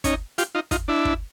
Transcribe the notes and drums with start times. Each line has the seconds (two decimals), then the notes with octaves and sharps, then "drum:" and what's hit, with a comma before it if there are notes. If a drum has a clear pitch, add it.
0.04 C#4 D#4, drum: kick, hi-hat
0.38 F4 G4, drum: hi-hat
0.55 D#4 F4
0.71 D#4 F4, drum: kick, hi-hat
0.88 D4 E4
1.05 drum: kick